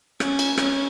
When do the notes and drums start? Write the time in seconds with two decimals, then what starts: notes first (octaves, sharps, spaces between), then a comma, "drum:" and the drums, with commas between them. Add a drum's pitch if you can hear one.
0.20 C#4, drum: rim click
0.39 drum: cymbal
0.58 C#4, drum: rim click